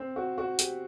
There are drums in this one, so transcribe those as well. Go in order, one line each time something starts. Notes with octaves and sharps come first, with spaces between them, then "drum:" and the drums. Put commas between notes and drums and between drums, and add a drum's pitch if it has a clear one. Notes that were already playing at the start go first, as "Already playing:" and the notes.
Already playing: C4
F#4
F#4
G4, drum: hi-hat